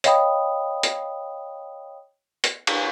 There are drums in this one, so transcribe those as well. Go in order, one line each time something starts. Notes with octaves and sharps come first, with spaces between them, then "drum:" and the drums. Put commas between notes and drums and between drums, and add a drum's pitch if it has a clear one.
C#5 D#5 F5 G5 B5 D#6, drum: hi-hat
drum: hi-hat
drum: hi-hat
drum: cymbal